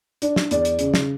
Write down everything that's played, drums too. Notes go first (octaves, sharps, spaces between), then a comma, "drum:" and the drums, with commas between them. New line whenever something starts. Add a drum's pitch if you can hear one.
D4 D5, drum: hi-hat
drum: snare
E2 D5, drum: hi-hat
drum: hi-hat
C#3, drum: hi-hat
drum: snare